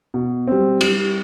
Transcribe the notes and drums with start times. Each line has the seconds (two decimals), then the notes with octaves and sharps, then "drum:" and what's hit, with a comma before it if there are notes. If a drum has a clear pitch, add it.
0.14 B2
0.47 G3 C4
0.81 G3, drum: cymbal